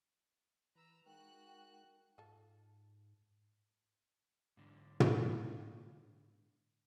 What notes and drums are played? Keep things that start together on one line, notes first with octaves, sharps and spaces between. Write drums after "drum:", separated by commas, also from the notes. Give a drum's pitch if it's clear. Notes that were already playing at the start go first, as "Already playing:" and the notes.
E3 B4 A#5 E6
G#3 D#4 F#4 A#4 G5 F#6
G#2 F4 A4 A5
G#2 D3
drum: tom